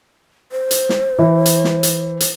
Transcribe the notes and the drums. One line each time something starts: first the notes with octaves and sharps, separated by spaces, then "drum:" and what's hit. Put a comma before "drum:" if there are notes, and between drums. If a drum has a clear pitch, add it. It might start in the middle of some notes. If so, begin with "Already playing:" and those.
C5
drum: hi-hat
drum: snare
E3
drum: hi-hat
drum: snare
drum: hi-hat
drum: hi-hat